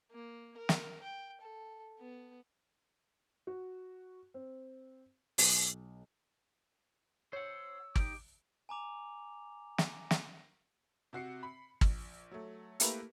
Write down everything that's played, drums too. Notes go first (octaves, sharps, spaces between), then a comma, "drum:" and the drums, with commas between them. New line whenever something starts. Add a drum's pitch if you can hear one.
A#3
A#4
drum: snare
G5
A4
B3
F#4
C4
B1, drum: open hi-hat
C5 C#5 F#5 E6
D#4 G4 D6, drum: kick G#1
G#5 A#5 D6 F7
drum: snare
drum: snare
C3 F#4 C7 C#7
B5
A#1, drum: kick G#1
F#3 A3
A3 A#3 E4 G4 A#4 B4, drum: hi-hat